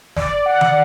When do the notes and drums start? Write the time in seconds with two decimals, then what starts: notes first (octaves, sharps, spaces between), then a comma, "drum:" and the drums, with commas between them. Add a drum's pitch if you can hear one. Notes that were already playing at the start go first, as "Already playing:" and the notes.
0.16 D5, drum: snare
0.46 F#5
0.61 drum: tom D#3